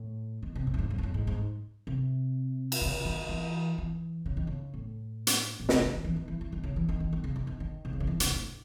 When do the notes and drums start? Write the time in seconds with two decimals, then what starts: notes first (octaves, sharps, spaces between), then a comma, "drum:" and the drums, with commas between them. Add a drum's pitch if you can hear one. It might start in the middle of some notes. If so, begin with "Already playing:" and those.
Already playing: A2
0.43 D#3
0.55 C3
0.67 A2
0.74 F#2
0.79 G#2
0.91 F#2
0.98 E2
1.03 F#2
1.14 G#2
1.27 G#2
1.87 C3
2.72 drum: cymbal
2.81 C#3
3.05 D#3
3.29 E3
3.78 E3
4.26 C#3
4.37 D#3
4.47 C#3
4.74 A2
5.27 drum: hi-hat
5.60 A2
5.69 C3, drum: snare
5.81 C#3
5.93 D#3
6.04 E3
6.16 D#3
6.28 E3
6.41 E3
6.52 D#3
6.64 C#3
6.76 E3
6.89 D#3
7.00 D#3
7.13 D#3
7.24 C#3
7.36 C3
7.47 D#3
7.60 D#3
7.85 C3
7.93 C#3
8.00 D#3
8.07 E3
8.20 C#3, drum: hi-hat
8.31 A2